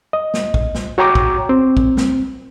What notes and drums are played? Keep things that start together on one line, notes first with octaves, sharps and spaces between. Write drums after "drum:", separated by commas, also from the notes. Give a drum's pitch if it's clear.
D#5
drum: snare
drum: kick
drum: snare
F#4 C#5 G5 A#5 C#6 D6
drum: kick
C4
drum: kick
drum: snare